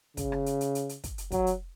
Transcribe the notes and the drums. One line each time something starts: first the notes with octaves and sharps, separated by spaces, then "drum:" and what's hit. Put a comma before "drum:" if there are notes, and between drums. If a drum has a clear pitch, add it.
C#3, drum: kick, hi-hat
drum: rim click
drum: hi-hat
drum: hi-hat
drum: hi-hat
drum: hi-hat
drum: kick, hi-hat
drum: hi-hat
F#3, drum: kick, hi-hat
drum: hi-hat